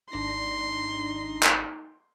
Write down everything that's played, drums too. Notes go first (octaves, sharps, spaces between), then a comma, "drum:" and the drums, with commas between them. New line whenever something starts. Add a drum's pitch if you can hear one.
G#1 D4 D#4 C6 A#6
drum: clap